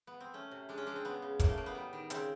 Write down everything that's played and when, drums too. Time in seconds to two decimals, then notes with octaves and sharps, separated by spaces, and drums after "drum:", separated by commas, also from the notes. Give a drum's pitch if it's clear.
0.07 B3
0.20 C4
0.34 A3 C#4
0.51 C3
0.69 G#3 D4
0.78 C#4
0.87 G#3 D4
0.96 C4
1.05 C#3 B3
1.22 C#3
1.40 A2 A#3, drum: kick, hi-hat
1.49 A3
1.57 A2 A#3
1.66 B3
1.75 G3
1.93 D#3
2.10 C#3 C4, drum: hi-hat